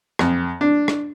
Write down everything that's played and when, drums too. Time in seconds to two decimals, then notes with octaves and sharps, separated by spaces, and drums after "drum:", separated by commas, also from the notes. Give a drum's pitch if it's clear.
0.19 F2, drum: rim click
0.61 D4
0.88 drum: rim click